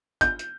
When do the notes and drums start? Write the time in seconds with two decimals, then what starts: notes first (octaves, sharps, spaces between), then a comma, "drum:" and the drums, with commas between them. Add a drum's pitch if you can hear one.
0.21 G6, drum: kick G1, hi-hat
0.39 drum: hi-hat